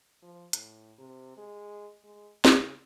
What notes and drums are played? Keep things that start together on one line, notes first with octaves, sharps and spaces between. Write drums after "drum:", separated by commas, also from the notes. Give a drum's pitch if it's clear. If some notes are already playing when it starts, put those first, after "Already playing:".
F3
A2, drum: hi-hat
C3
G#3
G#3
C#3, drum: snare